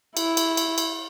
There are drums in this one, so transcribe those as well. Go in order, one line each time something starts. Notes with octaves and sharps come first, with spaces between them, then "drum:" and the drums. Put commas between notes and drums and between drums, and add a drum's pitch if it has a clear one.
E4, drum: cymbal
drum: cymbal
drum: cymbal
drum: cymbal